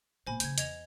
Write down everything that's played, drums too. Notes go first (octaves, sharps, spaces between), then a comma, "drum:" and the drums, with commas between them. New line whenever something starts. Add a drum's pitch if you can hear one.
A#2 B3 C5 G#5 B5
C#3 F3 G6 G#6, drum: hi-hat
E2 D#5 G#6 F7, drum: hi-hat